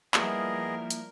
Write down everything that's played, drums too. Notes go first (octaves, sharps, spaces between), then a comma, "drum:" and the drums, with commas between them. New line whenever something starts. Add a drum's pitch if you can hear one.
F3 G3 A#3 B3 E4 G#4 A#4 D#5, drum: clap
drum: hi-hat